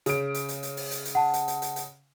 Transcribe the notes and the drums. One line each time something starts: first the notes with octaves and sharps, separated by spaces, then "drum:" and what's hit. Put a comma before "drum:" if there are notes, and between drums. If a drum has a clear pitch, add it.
C#3 D7, drum: hi-hat
drum: hi-hat
drum: hi-hat
drum: hi-hat
drum: open hi-hat
drum: hi-hat
drum: hi-hat
F#5 A5
drum: hi-hat
drum: hi-hat
drum: hi-hat
drum: hi-hat